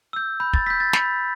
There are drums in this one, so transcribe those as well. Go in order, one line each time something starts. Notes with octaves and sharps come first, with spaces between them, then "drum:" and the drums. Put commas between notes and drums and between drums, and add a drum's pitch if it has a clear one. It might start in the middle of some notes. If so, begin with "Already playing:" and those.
E6 G6
B5 G6
A6, drum: kick
E6 G6 B6
A6
B5, drum: snare